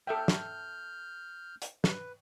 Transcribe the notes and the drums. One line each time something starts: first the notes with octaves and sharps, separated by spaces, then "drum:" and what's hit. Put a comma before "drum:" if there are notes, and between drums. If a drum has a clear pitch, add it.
A4 E5 G5 F6 G6
drum: snare
drum: hi-hat
B4, drum: snare